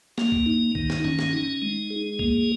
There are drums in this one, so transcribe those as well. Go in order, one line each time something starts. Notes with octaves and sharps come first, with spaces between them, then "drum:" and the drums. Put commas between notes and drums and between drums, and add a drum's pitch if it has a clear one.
A#3, drum: snare
drum: kick C2
D#4
D#3, drum: kick C2
drum: snare
C#4, drum: tom
drum: snare
D#4
G#3
G#4
A#3, drum: kick C2